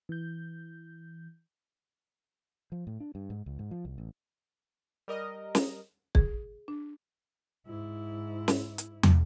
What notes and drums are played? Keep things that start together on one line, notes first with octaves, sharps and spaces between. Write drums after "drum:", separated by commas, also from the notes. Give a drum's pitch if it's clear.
E3 G6
F3
A2
D4
G2
G#2
C#2
G#2
F3
C2
A1
G3 A#4 D#5
drum: snare
G#4, drum: kick
D4
G#2 E4
drum: snare
drum: hi-hat
drum: tom